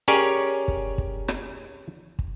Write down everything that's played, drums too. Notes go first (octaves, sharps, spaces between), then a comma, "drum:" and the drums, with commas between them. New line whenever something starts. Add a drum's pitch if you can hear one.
C#4 G4 G#4 A#4 C#5 D5
drum: kick
drum: kick
drum: rim click
drum: kick